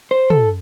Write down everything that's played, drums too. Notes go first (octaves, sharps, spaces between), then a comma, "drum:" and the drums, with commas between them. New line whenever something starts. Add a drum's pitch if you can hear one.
C5
A4, drum: tom